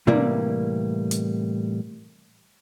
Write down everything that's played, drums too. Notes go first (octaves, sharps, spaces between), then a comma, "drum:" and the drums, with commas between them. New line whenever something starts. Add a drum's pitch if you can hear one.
A2 C3 E3 G3 A#3 D5, drum: tom
drum: hi-hat